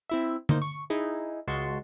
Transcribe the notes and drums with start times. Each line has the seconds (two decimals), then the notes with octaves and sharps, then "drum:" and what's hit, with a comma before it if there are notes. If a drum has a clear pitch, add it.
0.10 C4 E4 E5
0.49 A#3 D#4 C5, drum: tom D3
0.62 C#6
0.90 D#4 E4 G#4
1.47 C#2 G#3 F#4 A5 C6 C#6